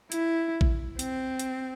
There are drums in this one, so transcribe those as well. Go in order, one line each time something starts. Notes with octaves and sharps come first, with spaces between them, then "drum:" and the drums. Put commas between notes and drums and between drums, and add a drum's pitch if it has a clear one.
E4, drum: hi-hat
drum: kick A1
C4, drum: hi-hat
drum: hi-hat